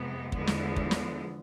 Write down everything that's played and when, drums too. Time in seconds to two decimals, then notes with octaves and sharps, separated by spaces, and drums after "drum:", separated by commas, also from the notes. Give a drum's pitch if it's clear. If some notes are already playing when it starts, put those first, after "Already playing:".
Already playing: F2 C3 G#3 B3
0.32 E2 D3 F3 G#3 B3, drum: kick
0.47 drum: snare
0.76 drum: kick
0.91 drum: snare